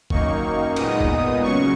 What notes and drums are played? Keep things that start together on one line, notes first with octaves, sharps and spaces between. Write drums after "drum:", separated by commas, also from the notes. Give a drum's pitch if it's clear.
F#2 D#3 A#3 D#4 C#6, drum: kick G1
A#2 G#3 B3 D#4 D#6, drum: cymbal
drum: kick G1
C#3 F#3 C#6